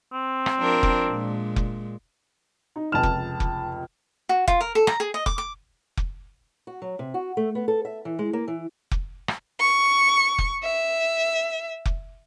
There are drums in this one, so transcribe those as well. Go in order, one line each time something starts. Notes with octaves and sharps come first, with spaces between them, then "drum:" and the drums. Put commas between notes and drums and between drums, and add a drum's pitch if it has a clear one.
C4
drum: rim click
F3 D4 A#4
drum: kick F1
A#2 G#3
drum: kick F1
D#4
F1 C#2 A5 F6 E7
drum: kick F1
drum: kick F1
F#4
F4, drum: kick F1
A#4
A4
A#5, drum: rim click
G#4
D#5
D6, drum: kick F1
D6
drum: kick F1
F#4
F#3
C3
F#4
A3
B3
A4
E5
E3
G#3
A#3
E3
drum: kick F1
drum: rim click
C#6
drum: kick F1
E5
drum: kick F1